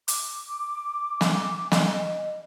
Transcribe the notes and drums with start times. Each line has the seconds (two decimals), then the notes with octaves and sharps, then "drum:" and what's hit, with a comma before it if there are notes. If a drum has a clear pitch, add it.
0.08 D6, drum: hi-hat
1.21 drum: snare
1.72 D#5, drum: snare